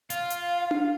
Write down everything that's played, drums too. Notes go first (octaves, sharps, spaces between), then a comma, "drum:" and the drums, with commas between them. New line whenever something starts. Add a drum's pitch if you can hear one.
F4 F5, drum: hi-hat
drum: hi-hat
drum: tom D4